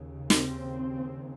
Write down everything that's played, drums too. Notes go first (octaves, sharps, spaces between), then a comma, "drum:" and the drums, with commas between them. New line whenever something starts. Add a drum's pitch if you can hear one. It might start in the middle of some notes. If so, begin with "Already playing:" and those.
Already playing: D#2 C#3
C4, drum: snare